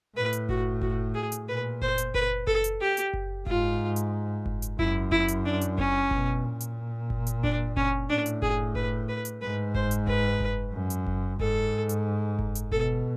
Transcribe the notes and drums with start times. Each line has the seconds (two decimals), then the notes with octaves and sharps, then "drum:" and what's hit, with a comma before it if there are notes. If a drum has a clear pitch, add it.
0.16 A2 B4
0.33 drum: hi-hat
0.49 F#4, drum: kick F#1
0.82 F#4, drum: kick F#1
1.15 G#4
1.32 drum: hi-hat
1.48 A#2 B4
1.82 C5, drum: kick F#1
1.98 drum: hi-hat
2.14 B4, drum: kick F#1
2.47 A4, drum: kick F#1
2.64 drum: hi-hat
2.81 G4
2.97 drum: hi-hat
3.14 drum: kick F#1
3.47 G#2 F4, drum: kick F#1
3.96 drum: hi-hat
4.46 drum: kick F#1
4.62 drum: hi-hat
4.79 F#2 E4, drum: kick F#1
5.12 E4, drum: kick F#1
5.28 drum: hi-hat
5.45 D4
5.61 drum: hi-hat
5.78 C#4, drum: kick F#1
6.11 B2, drum: kick F#1
6.44 A#2
6.60 drum: hi-hat
7.10 drum: kick F#1
7.27 drum: hi-hat
7.44 D4, drum: kick F#1
7.77 C#4, drum: kick F#1
8.10 A2 D4
8.26 drum: hi-hat
8.42 G#4, drum: kick F#1
8.75 B4, drum: kick F#1
9.09 B4
9.25 drum: hi-hat
9.41 G#2 B4
9.75 C5, drum: kick F#1
9.91 drum: hi-hat
10.07 B4, drum: kick F#1
10.40 drum: kick F#1
10.73 F#2
10.90 drum: hi-hat
11.07 drum: kick F#1
11.40 G#2 A4, drum: kick F#1
11.89 drum: hi-hat
12.39 drum: kick F#1
12.55 drum: hi-hat
12.72 B2 A4, drum: kick F#1